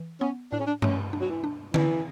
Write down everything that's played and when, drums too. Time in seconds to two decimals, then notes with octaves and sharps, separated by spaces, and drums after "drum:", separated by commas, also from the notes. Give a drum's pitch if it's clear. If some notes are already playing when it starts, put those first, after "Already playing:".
Already playing: E3
0.21 B3 C#4
0.52 A2 D4
0.60 C#4
0.67 D4
0.82 A3 C#4, drum: tom G2
1.13 D4
1.21 F#3
1.29 E3
1.44 D4
1.74 E3 C#4, drum: tom D3